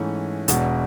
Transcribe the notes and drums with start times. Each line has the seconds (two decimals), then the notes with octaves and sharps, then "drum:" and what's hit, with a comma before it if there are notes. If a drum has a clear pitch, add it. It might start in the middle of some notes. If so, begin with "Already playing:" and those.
Already playing: G#2 E3 A3 C#4
0.48 E1 E2 B2, drum: hi-hat